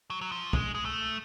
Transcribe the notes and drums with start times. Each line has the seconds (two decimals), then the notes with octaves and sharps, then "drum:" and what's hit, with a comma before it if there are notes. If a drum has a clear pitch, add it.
0.10 F#3
0.21 F#3
0.32 F3
0.53 G#3, drum: kick
0.75 G#3
0.85 A3